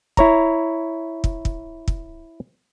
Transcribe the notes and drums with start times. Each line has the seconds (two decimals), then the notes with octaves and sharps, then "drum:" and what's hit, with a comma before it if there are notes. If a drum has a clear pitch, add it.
0.17 E4 C#5 A#5, drum: kick
1.24 drum: kick
1.45 drum: kick
1.88 drum: kick